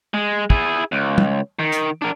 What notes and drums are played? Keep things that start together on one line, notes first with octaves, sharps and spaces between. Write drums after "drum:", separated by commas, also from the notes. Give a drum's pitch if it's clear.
G#3
E4 G#4, drum: kick
C#2
drum: tom
D#3
drum: hi-hat
D4 A#4